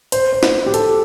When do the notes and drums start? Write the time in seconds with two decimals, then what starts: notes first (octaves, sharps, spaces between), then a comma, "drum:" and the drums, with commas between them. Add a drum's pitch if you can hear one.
0.12 C5, drum: hi-hat
0.33 C5
0.43 drum: snare
0.66 G4
0.74 A4, drum: hi-hat